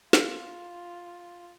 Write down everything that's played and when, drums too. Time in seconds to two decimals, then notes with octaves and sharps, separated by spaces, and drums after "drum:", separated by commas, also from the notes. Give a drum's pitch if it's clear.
0.13 F4, drum: snare